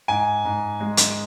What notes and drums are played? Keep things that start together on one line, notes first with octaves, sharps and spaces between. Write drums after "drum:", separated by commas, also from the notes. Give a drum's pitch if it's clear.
G#2 G#5
G#2
G#3
drum: hi-hat